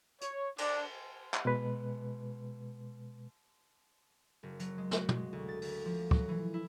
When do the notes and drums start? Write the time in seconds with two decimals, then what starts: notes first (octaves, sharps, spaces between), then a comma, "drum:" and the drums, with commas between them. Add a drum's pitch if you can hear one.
0.21 C#5, drum: hi-hat
0.58 D4, drum: cymbal
1.34 drum: clap
1.45 B2 G#3 B4
4.43 F#1
4.59 F#3, drum: hi-hat
4.78 G#3
4.91 F#4, drum: snare
5.09 G#3, drum: tom
5.33 D2
5.49 A6
5.62 D2, drum: open hi-hat
5.85 F3
6.11 F#3, drum: kick
6.29 E3
6.54 E4